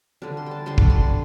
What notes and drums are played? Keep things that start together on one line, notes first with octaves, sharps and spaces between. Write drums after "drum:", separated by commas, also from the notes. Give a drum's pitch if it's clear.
D3 G3 D4
C6
G5 A5
D3 G3 D4 C6
D6, drum: kick
C6